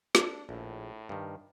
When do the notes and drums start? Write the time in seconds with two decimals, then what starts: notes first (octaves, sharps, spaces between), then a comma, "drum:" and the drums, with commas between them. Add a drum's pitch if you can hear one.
0.15 D4, drum: snare
0.49 A#1 A2
1.09 G2 D#3